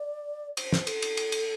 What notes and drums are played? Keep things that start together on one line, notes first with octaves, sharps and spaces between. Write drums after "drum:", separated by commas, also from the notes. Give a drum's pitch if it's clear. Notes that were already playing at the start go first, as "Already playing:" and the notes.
Already playing: D5
C5, drum: cymbal
drum: snare
A4, drum: cymbal
drum: cymbal
drum: cymbal
drum: cymbal